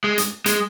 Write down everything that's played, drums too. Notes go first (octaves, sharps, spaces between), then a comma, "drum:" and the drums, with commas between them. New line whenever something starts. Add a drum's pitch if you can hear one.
G#3
drum: hi-hat
G#3, drum: hi-hat